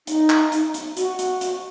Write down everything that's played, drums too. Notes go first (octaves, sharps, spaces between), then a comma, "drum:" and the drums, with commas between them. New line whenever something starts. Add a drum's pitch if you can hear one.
D#4, drum: hi-hat
drum: clap
drum: hi-hat
drum: hi-hat
F#4, drum: hi-hat
drum: hi-hat
drum: hi-hat